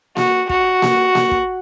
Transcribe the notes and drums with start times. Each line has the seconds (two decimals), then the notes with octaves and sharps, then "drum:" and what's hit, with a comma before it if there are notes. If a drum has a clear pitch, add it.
0.16 F#4, drum: snare A#3
0.49 F#4, drum: kick
0.82 drum: snare A#3
1.15 drum: snare A#3
1.31 drum: kick